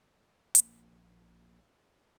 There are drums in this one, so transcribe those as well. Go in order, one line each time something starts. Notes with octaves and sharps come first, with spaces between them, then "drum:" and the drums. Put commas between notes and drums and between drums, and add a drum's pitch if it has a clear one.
A#1 A#3, drum: hi-hat